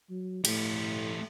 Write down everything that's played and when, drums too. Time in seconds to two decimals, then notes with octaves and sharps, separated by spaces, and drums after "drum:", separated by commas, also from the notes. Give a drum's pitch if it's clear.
0.10 F#3
0.45 A2 A3 G4, drum: cymbal